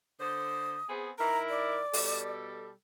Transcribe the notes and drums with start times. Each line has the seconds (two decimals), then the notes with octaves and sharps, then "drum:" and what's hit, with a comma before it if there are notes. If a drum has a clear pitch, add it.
0.20 D3 C5 D#6
0.88 B3 C4 G#4
1.19 D#3 E4 A#4 A#5
1.49 D5
1.93 B2 G3 A4, drum: open hi-hat